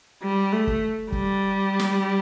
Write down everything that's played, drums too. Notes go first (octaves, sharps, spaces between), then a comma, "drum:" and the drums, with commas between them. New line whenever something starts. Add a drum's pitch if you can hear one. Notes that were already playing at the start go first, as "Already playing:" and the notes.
G3
A3
drum: kick
G3, drum: kick
drum: snare